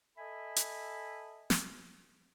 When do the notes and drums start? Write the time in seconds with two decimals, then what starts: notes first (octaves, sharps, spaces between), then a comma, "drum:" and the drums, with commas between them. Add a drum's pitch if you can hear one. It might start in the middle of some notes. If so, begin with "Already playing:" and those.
0.18 A4 D#5 E5 G#5 B5
0.56 drum: hi-hat
1.50 drum: snare